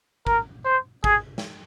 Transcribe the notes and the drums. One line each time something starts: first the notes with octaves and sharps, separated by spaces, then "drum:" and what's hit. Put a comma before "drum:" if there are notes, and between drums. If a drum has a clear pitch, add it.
A#4, drum: kick
C5
G#4, drum: kick
drum: snare